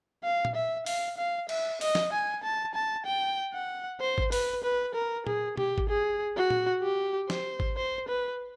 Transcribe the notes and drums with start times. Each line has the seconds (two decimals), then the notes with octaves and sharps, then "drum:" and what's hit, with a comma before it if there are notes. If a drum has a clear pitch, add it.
0.24 F5
0.45 drum: tom A#2
0.56 E5
0.86 F5, drum: open hi-hat
1.17 F5
1.49 E5, drum: cymbal
1.81 D#5, drum: open hi-hat
1.95 drum: snare
2.12 G#5
2.44 A5
2.75 A5
3.06 G5
3.54 F#5
4.01 C5
4.18 drum: kick G#1
4.32 B4, drum: open hi-hat
4.64 B4
4.95 A#4
5.27 G#4, drum: tom A#2
5.57 G4, drum: tom
5.78 drum: kick G#1
5.89 G#4
6.37 F#4
6.50 drum: tom A#2
6.83 G4
7.30 C5, drum: snare
7.60 drum: kick G#1
7.77 C5
8.08 B4